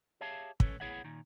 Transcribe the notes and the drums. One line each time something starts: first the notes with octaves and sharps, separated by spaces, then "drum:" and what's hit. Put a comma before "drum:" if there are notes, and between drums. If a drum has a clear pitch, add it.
G4 G#4 C#5 E5 F5 A5
C#4 A4 B4 C#5, drum: kick
B3 E4 G#4 C#5 E5 F#5
A#2 D#3